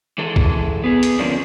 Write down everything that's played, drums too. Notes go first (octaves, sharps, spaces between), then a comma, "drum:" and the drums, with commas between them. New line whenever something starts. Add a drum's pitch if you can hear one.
E3 G#3 A4
drum: kick
B3 G#4
drum: hi-hat
D3 F3 G#3 A#3 C#4 D4